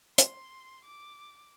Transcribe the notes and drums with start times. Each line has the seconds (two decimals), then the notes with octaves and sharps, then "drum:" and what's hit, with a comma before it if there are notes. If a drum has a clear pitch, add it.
0.18 C6, drum: hi-hat
0.85 D6